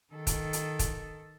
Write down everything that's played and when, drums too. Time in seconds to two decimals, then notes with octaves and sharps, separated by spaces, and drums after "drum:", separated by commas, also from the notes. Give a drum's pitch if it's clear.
0.14 D#3 A4
0.27 drum: kick, hi-hat
0.53 drum: hi-hat
0.79 drum: kick, hi-hat